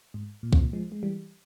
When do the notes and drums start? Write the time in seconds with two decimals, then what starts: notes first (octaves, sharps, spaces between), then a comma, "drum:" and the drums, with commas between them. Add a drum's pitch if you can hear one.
0.14 G#2
0.43 A#2
0.53 C3, drum: kick C2
0.60 A#2
0.73 F3 G#3
0.92 G#3
1.03 E3 G3